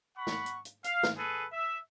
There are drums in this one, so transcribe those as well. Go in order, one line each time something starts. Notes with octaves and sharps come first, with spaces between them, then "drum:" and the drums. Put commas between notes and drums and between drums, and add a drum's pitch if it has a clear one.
F#5 B5 C#6
drum: snare
drum: hi-hat
drum: hi-hat
F5, drum: hi-hat
drum: snare
G#4 A4 B4
E5